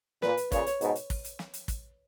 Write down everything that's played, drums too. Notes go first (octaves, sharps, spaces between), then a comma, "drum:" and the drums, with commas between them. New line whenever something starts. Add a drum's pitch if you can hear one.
A#2 B4, drum: snare
drum: hi-hat
A#2 C#3 C#5, drum: kick, hi-hat
drum: hi-hat
G#2 B2, drum: hi-hat
drum: hi-hat
drum: kick, open hi-hat
drum: hi-hat
drum: snare
drum: hi-hat
drum: kick, hi-hat